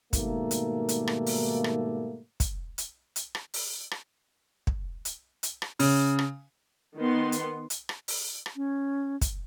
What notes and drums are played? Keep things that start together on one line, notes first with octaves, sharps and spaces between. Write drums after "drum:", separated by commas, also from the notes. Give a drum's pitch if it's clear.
G#2 B2 D#3 G3 A3 A#3, drum: kick, hi-hat
drum: hi-hat
drum: hi-hat
drum: rim click
drum: open hi-hat
drum: rim click
drum: kick, hi-hat
drum: hi-hat
drum: hi-hat
drum: rim click
drum: open hi-hat
drum: rim click
drum: kick
drum: hi-hat
drum: hi-hat
drum: rim click
C#3, drum: open hi-hat
drum: rim click
D#3 B3 C6
drum: hi-hat
drum: hi-hat
drum: rim click
drum: open hi-hat
drum: rim click
C#4
drum: kick, hi-hat